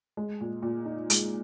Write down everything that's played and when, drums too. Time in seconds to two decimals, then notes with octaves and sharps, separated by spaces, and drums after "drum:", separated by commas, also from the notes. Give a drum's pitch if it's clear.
0.17 G#3
0.41 A#2
0.63 A#2
0.86 D#4
1.10 G#3, drum: hi-hat